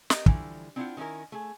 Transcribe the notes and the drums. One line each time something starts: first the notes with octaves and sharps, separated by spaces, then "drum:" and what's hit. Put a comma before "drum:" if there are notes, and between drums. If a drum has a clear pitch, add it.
G4 A#4 D#5, drum: snare
D3 E3 F3 G3, drum: kick
C4 D4 E4 F4 C5 F#5
D#3 G3 C#4 E4 A#4
A3 G#4